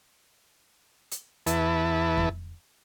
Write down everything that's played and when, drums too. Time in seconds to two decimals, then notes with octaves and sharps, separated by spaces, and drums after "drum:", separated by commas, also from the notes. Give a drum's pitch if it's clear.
1.11 drum: hi-hat
1.46 E2 E4 B4 A5, drum: hi-hat
2.17 drum: kick F2